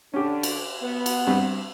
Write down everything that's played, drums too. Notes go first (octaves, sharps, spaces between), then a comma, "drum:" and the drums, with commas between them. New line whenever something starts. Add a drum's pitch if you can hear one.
D3 C#4 D4 G4
drum: cymbal
B3
drum: cymbal
G2 C4